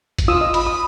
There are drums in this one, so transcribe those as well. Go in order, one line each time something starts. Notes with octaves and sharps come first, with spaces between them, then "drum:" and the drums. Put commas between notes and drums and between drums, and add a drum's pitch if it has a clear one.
drum: kick G#1, hi-hat
F4 D#6 E6
D#5
B5, drum: hi-hat
D#6